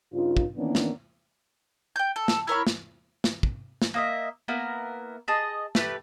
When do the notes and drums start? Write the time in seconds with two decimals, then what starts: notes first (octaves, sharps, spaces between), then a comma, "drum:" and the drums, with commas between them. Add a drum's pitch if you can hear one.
0.13 G2 C#3 D#4 F4
0.37 drum: kick
0.56 D#3 E3 A#3 B3 C#4 D4
0.75 drum: snare
1.96 G5 G6
2.16 A4
2.28 drum: snare
2.47 E4 A#4 C#5 B5
2.67 drum: snare
3.24 drum: snare
3.43 drum: kick
3.82 drum: snare
3.94 A#3 D#5 E5
4.48 A#3 B3 E4 A#4
5.28 G#4 D#5 A5
5.75 A3 G4 B4, drum: snare